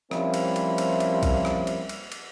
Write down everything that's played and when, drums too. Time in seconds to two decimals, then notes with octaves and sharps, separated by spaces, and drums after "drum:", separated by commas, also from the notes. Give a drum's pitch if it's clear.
0.11 F3 G3 A#3 C4 C#4 E4, drum: rim click
0.34 drum: cymbal
0.56 drum: cymbal
0.78 drum: cymbal
1.00 drum: cymbal
1.23 drum: kick B1, cymbal
1.45 drum: rim click
1.67 drum: cymbal
1.89 drum: cymbal
2.12 drum: cymbal